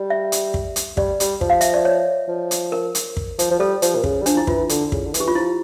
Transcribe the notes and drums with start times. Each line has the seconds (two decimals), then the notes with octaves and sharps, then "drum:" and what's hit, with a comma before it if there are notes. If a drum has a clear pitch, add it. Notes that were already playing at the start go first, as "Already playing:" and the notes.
Already playing: G3
0.10 E5
0.32 drum: hi-hat
0.54 drum: kick
0.76 drum: hi-hat
0.97 G3 D5, drum: kick
1.20 G3, drum: hi-hat
1.41 F3, drum: kick
1.50 F5
1.61 E5, drum: hi-hat
1.74 D5
1.85 C#5
2.28 F3
2.51 drum: hi-hat
2.72 A#4
2.95 drum: hi-hat
3.17 drum: kick
3.39 F3, drum: hi-hat
3.51 F3
3.60 G3 A4
3.82 F3, drum: hi-hat
3.96 A#2
4.04 C#3, drum: kick
4.22 G3
4.26 F3 D4, drum: hi-hat
4.37 E4
4.47 E3 F4, drum: kick
4.69 D3, drum: hi-hat
4.92 C#3, drum: kick
5.06 D3
5.14 E3, drum: hi-hat
5.20 G4
5.28 F4
5.35 F3 E4